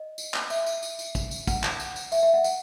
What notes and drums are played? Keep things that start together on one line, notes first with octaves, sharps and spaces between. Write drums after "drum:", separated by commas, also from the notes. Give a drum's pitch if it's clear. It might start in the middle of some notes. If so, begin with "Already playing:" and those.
Already playing: D#5
drum: tambourine
drum: clap
E5, drum: tambourine
drum: tambourine
drum: tambourine
drum: tambourine
drum: kick, tambourine
drum: tambourine
F#5, drum: kick, tambourine
drum: clap
drum: tambourine
drum: tambourine
E5, drum: tambourine
E5
F#5
F#5, drum: tambourine